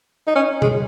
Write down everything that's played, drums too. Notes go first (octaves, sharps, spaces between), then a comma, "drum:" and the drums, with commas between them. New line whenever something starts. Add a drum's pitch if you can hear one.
D#4
C#4
G#3, drum: tom B2